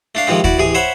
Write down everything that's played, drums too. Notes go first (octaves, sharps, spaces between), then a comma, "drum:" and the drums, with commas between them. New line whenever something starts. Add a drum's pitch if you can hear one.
A3 D4 F5
C3 D#3 F3 G#3 C4
E4 F#4 D5, drum: kick
A1 C3 G#4 G#5
C5 C#5 E5 F#5 B5